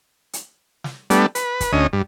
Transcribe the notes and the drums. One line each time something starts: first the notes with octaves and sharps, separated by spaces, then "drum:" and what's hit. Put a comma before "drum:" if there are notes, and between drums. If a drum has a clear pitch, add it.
drum: hi-hat
drum: snare
G3 A3 B3 D4, drum: hi-hat
B4, drum: hi-hat
drum: kick, hi-hat
D2 C#4 D#5
G2